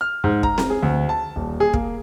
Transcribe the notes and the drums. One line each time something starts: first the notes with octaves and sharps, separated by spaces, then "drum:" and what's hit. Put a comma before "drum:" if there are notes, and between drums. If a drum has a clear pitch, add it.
F6
G#2
A#5, drum: kick
drum: snare C4
G#4
D2
A5
D#1
G#4
A#3, drum: kick